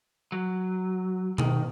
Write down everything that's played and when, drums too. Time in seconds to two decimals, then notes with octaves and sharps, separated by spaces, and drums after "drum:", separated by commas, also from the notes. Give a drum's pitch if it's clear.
0.32 F#3
1.38 D#3, drum: tom B2